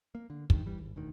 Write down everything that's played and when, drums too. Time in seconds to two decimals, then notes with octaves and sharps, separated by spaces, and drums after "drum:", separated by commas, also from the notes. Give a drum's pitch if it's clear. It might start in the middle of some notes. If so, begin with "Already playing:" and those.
0.15 A#3
0.30 D3
0.50 G2 D#3, drum: kick
0.66 E3 G3
0.78 G#1
0.96 E1 D2 D#3